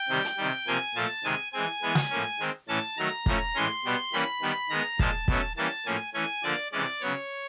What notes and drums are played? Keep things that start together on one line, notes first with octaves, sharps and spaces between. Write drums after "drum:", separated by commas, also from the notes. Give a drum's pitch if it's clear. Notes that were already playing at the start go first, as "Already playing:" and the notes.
Already playing: G5
C3 D#3 G3
drum: hi-hat
C3 D#3 G3
C3 F3 A#3 G#5
A#2 F3 A3 A5
C3 D#3 G#3 G#5
E3 G#3 C4 G#5
E3 G#3 B3
drum: snare
A2 F3 A#3 C#4
D#3 G#3 C4
A2 E3 A3 C#4 A5
D#3 F#3 A3 A#5
A2 F3 A3 C#4, drum: kick
A2 E3 G#3 C#4 C6
B2 G3 B3
E3 G3 A#3 C#4 B5
D#3 G3 B3
D#3 G#3 B3 A#5
A#2 F3 G#3 A5, drum: kick
B2 F#3 A3 C#4, drum: kick
E3 G3 A#3 C#4 A5
A2 F3 A#3 C#4 G#5
E3 A3 C#4 G#5
D3 F3 A#3 D5
C3 E3 G#3 C#4 D5
C#3 F#3 B3 C#5